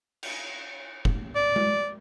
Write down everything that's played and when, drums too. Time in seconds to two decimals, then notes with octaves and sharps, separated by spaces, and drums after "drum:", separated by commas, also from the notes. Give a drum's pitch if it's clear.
0.23 drum: cymbal
1.05 drum: kick
1.35 D5
1.56 drum: tom G#3